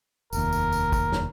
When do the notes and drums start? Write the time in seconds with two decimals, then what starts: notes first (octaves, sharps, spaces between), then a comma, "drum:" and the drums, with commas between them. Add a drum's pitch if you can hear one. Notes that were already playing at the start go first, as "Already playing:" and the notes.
0.33 F1 D#2 A#4, drum: tambourine
0.53 drum: tambourine
0.72 drum: tambourine
0.92 drum: kick, tambourine
1.12 drum: snare